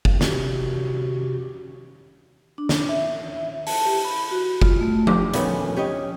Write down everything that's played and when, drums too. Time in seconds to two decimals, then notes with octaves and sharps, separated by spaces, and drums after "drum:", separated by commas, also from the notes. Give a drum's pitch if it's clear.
0.05 drum: kick F#1
0.21 C3 F#4 G4, drum: snare
2.58 D4
2.69 drum: snare
2.89 E5
3.67 A5, drum: open hi-hat
3.85 G4
4.05 B5
4.31 F#4
4.62 F4, drum: kick F#1
4.81 A3
5.07 D6, drum: tom F3
5.34 D2 A#2 D#3 A3 B3 C#4, drum: hi-hat
5.76 C#4 G4 C#5 D#5